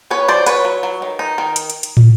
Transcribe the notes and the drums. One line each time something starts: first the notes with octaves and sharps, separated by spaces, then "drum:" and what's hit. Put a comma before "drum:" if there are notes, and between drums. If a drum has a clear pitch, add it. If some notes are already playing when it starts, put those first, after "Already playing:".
B3 B4 C#5
F#3 C5 D5
F#3 B4 C#5, drum: hi-hat
F#3
F#3
D#3
D#4
D#3
drum: hi-hat
drum: hi-hat
drum: hi-hat
drum: tom